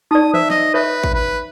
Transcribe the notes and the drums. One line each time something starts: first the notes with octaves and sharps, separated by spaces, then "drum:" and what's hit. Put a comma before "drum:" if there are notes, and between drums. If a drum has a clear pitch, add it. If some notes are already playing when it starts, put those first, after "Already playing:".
D#4 D5 D#6
C5 E5, drum: tom E3
D#5, drum: snare
B4 C#5 E5
drum: kick A1
B4